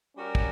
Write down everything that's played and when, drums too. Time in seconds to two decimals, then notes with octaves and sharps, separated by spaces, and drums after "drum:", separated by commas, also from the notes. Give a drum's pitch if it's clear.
0.15 G3 C#4 F#4 A#4
0.35 drum: kick